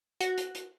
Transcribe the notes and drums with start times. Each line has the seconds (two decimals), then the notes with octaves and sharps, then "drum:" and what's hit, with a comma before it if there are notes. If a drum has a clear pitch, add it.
0.21 F#4, drum: hi-hat
0.38 drum: hi-hat
0.55 drum: hi-hat